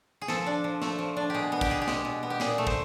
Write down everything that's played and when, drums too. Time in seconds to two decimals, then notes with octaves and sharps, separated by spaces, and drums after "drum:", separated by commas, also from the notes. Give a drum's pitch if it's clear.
0.22 G#4
0.28 F3 A4, drum: snare
0.46 D4
0.64 F3
0.82 A3, drum: snare
0.99 F3
1.17 D4
1.30 B2 G4 G#4
1.52 B3
1.61 G4, drum: kick, hi-hat
1.70 B2 G#4
1.82 G4
1.88 G#3, drum: snare
2.05 B2
2.23 B3
2.30 G4
2.40 A#2 G#4, drum: snare
2.58 A3
2.67 C5, drum: kick